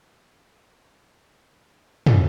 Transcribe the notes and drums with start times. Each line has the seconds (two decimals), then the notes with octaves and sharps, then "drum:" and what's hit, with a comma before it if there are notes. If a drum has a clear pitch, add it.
0.10 E3 F5
2.06 drum: tom